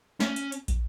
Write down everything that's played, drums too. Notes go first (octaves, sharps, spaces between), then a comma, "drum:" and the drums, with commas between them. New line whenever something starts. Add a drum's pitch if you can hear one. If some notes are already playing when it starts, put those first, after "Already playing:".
C#4, drum: snare
drum: hi-hat
drum: hi-hat
drum: kick, hi-hat